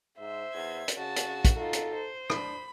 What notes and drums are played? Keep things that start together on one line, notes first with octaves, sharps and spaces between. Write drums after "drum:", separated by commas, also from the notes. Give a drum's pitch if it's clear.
G#2 C5 E5
E2 G#6
drum: hi-hat
C#3 F#4 A5
drum: hi-hat
drum: kick, hi-hat
D#4 F4 A4
drum: hi-hat
C5
D4 B5, drum: rim click